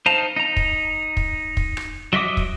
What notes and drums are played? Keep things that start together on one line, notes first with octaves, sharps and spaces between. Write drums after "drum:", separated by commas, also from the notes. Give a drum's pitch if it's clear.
D#4 C5 F5 A5 A#5
D#4 A#5
drum: kick
drum: kick
drum: kick
drum: rim click
F#3 D#5 E5 D6 D#6
drum: kick